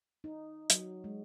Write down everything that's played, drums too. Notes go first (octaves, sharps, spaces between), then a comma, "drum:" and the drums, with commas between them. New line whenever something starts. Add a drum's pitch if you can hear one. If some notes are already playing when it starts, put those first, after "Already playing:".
D#4
F#3, drum: hi-hat
G#3